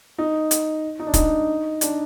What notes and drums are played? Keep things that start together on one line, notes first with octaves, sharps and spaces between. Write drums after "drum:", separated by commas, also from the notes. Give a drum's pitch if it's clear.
D#4
drum: hi-hat
D#4
D4
D#4, drum: kick, hi-hat
D4, drum: hi-hat